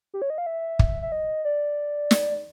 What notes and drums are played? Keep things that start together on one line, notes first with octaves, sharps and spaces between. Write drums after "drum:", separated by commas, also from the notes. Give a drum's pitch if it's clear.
G4
C#5
D#5
F5
E5
drum: kick
E5
D#5
D5
drum: snare